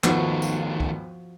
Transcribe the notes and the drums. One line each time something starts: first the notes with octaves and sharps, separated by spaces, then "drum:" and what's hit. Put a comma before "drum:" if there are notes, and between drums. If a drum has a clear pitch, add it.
D#2 G#2 D#3 F3 A3 B3 F#4, drum: clap
drum: tambourine
drum: kick